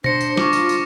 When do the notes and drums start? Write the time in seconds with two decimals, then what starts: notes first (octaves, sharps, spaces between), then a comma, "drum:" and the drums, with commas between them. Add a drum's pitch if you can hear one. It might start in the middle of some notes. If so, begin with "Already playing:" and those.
0.04 D4 C5 A#6 C#7, drum: tom B2
0.21 drum: tambourine
0.37 F4 C#6 D6, drum: snare
0.53 drum: tambourine
0.69 drum: tambourine